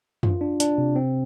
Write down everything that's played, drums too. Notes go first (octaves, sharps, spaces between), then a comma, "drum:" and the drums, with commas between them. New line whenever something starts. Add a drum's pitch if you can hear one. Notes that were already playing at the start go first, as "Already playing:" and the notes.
F4, drum: tom F#2
D4
D4, drum: hi-hat
C3
C4